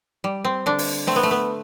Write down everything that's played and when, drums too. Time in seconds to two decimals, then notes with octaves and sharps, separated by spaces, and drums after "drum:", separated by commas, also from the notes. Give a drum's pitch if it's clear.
0.24 G3
0.45 C4
0.66 D3 D4
0.79 drum: open hi-hat
1.07 A3 C4
1.16 B3
1.23 A3
1.31 B3